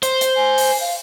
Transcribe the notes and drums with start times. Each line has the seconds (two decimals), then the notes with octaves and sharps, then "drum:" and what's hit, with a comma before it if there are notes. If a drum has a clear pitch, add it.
0.03 C5, drum: hi-hat
0.21 drum: hi-hat
0.36 G#5
0.58 drum: open hi-hat
0.80 F5